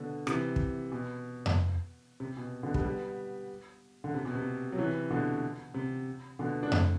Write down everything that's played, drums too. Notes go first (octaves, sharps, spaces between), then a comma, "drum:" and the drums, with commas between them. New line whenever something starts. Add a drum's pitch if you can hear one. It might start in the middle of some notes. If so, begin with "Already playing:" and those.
Already playing: B2 D3
C3 E3, drum: rim click
drum: kick
B2
drum: tom F2
C3
B2
B2 D3
G3 B3, drum: kick
G3 B3
D3
C3
B2
C3
F#3
C3 E3
B2 D3
C3
B2 D3
D4
A3 C4, drum: tom F2